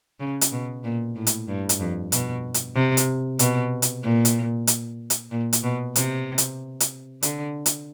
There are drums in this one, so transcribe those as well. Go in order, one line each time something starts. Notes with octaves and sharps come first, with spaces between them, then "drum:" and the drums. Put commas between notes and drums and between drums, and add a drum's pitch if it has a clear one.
C#3
drum: hi-hat
B2
A#2
A2
drum: hi-hat
G2
drum: hi-hat
F2
B2, drum: hi-hat
drum: hi-hat
C3
drum: hi-hat
B2, drum: hi-hat
drum: hi-hat
A#2
drum: hi-hat
drum: hi-hat
drum: hi-hat
A#2
drum: hi-hat
B2
C3, drum: hi-hat
drum: hi-hat
drum: hi-hat
D3, drum: hi-hat
drum: hi-hat